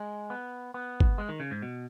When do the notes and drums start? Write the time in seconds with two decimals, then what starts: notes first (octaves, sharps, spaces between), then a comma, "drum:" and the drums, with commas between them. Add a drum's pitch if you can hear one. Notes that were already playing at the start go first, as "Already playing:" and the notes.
Already playing: G#3
0.30 B3
0.74 B3
1.00 drum: kick
1.18 G#3
1.29 D#3
1.40 C#3
1.51 G#2
1.62 B2